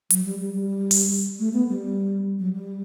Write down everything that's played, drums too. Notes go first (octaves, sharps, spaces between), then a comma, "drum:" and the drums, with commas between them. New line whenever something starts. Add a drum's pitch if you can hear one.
F#3, drum: hi-hat
G3
G3
G3
drum: open hi-hat
A3
B3
G3
F#3
G3